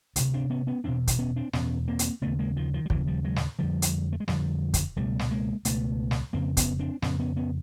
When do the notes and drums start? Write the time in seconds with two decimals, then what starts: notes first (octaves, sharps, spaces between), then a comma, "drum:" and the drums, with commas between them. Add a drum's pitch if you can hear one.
0.16 D2 C3, drum: hi-hat
0.34 C4 D4
0.50 B3 C#4
0.67 B3 C#4
0.84 E2 B2 C4 D4
1.08 drum: kick, hi-hat
1.19 B3 C#4
1.36 C4 D4
1.53 E2 B2 B3 C#4, drum: snare
1.88 A#3 C4
1.99 drum: hi-hat
2.22 D#2 C#3 A3 B3
2.39 G#3 A#3
2.56 D#3 F3
2.74 D#3 F3
2.86 G3
2.90 D#2 C#3 E3 F#3, drum: kick
3.07 F3 G3
3.24 F#3 G#3
3.36 drum: snare
3.59 F2 D3 F3 G3
3.82 drum: hi-hat
4.13 A3
4.20 G#3
4.28 F2 D3 F3 G3, drum: snare
4.74 drum: kick, hi-hat
4.96 C#2 B2 G3 A3
5.19 drum: snare
5.31 G#3 A#3
5.65 C#2 B2 A3 B3, drum: hi-hat
6.11 drum: snare
6.33 F2 C#3 A#3 C4
6.57 B3 C#4, drum: kick, hi-hat
6.79 C4 D4
7.02 F2 C#3 B3 C#4, drum: snare
7.19 B3 C#4
7.37 B3 C#4